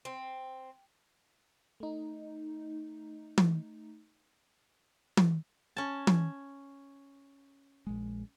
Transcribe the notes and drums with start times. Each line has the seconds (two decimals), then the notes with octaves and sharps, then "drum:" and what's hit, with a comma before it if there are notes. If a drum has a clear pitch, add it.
0.05 C4
1.80 A3 D#4
3.38 drum: tom E3
5.17 drum: tom E3
5.77 C#4 A5
6.07 drum: tom E3
7.87 A#1 G#3